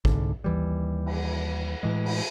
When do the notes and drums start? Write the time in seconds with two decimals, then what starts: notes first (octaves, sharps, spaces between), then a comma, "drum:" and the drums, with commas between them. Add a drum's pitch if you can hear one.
0.05 C2 G#2 D3, drum: kick
0.44 D#2 E3 G3
1.06 drum: cymbal
1.83 A2 E3 G#3
2.05 drum: cymbal